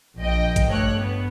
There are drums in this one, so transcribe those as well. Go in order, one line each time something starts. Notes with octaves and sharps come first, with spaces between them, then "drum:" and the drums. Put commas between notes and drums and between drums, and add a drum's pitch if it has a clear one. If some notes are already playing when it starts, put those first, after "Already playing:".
A#1 D#5 G5
drum: kick G#1, hi-hat
G2 A3 C#5 F#6
B3